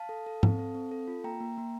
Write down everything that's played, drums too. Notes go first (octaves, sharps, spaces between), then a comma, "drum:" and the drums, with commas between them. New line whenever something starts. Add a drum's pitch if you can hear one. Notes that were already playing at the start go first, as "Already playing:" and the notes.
Already playing: F5 A5
A4
A4
C4, drum: tom G#2
A4
C4
A4
F4
A#3 G5 A#5
A#3
A#3